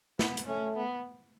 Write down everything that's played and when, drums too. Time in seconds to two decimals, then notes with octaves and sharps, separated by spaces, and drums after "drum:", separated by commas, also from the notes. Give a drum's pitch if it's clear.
0.19 B3, drum: snare
0.37 drum: hi-hat
0.47 A3 C#4
0.76 B3